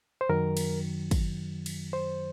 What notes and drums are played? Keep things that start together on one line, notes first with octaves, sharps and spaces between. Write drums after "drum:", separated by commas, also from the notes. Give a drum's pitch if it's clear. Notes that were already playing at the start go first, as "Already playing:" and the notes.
C5
F#2 D#3 F#3 A#4
drum: cymbal
drum: kick, cymbal
drum: cymbal
C5